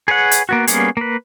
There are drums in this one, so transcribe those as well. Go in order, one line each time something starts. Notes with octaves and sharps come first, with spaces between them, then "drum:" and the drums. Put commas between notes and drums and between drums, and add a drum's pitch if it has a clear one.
G#4 B4 C#5 F#5
drum: hi-hat
A#3 B3 F#4
G3 A#3 B3 C#4 G#4, drum: hi-hat
A#3 B4